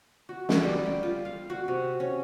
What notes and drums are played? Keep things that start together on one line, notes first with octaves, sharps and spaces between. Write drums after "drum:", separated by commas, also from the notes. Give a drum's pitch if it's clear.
F#4
drum: snare
G3
G5
F4
F5
F#4
C3
C#4